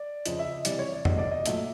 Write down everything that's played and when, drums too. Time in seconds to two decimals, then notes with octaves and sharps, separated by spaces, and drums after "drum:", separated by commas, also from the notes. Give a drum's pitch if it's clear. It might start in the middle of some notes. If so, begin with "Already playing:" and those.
Already playing: D5
0.26 F2 C#3 F3 D#5, drum: hi-hat
0.39 E5
0.52 D#5
0.65 C3 E3 G3 D5, drum: hi-hat
0.79 C#5
0.92 D5
1.05 E2 B2 F#3 A3 D#5, drum: tom F2
1.18 D5
1.31 D#5
1.46 A#2 F#3 A3 E5, drum: hi-hat